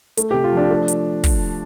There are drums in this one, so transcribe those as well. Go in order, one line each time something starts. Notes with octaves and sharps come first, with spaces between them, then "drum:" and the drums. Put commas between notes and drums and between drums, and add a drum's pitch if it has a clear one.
A3, drum: hi-hat
C3 G4
F4
F3 D4
A3
drum: hi-hat
drum: kick, open hi-hat